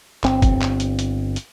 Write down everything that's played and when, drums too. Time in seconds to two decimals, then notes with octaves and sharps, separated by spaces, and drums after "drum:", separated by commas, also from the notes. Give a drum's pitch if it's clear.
0.24 G1 C4, drum: clap
0.42 drum: kick, hi-hat
0.61 drum: clap
0.80 drum: hi-hat
0.99 drum: hi-hat
1.36 drum: hi-hat